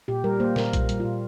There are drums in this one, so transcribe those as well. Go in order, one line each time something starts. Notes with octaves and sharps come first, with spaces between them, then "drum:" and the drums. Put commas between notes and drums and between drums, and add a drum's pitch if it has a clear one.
A#2 G4
G3 A#4
A#3 C5
A#2 A#4, drum: snare
A#2, drum: kick B1, hi-hat
G3, drum: hi-hat
A#2 F4